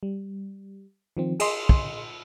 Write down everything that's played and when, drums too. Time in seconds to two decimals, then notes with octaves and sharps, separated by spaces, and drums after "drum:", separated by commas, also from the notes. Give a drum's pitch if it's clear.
0.03 G3
1.17 D#3 F3 C4
1.40 G#4 D#5 C6, drum: cymbal
1.69 drum: kick